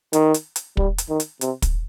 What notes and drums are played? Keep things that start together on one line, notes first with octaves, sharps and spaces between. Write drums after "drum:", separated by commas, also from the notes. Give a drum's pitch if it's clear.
D#3, drum: hi-hat
drum: hi-hat
drum: hi-hat
G3, drum: kick
drum: hi-hat
D#3
drum: hi-hat
C3, drum: hi-hat
drum: kick, hi-hat